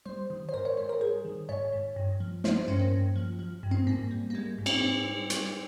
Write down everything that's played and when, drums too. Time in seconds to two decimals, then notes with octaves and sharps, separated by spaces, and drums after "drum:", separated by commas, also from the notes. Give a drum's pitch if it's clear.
0.06 G3 C5
0.30 D#3
0.49 C5
0.54 G#2 A#4
0.65 C#5
0.77 G#2 C5
0.89 A#4
1.01 G3 G#4
1.25 D#3
1.49 G#2 C#5
1.72 G#2
1.96 G2
2.20 F3
2.44 F3 C5, drum: snare
2.56 C5
2.68 G2 C#4
2.80 A#3
2.92 G2
3.16 F3
3.39 F3
3.63 G2
3.71 C4
3.87 G#2 A#3
4.11 G3
4.30 A#3
4.35 G3 G#3
4.58 G#2
4.66 C4, drum: cymbal
4.82 G#2
5.06 G3
5.30 G3, drum: hi-hat